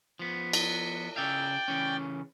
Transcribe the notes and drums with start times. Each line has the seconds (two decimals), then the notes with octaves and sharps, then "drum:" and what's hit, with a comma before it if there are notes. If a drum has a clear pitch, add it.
0.19 F3 B3
0.53 drum: cymbal
1.16 C#3 D5 E5 F5 G5
1.68 C#3 E3 C#4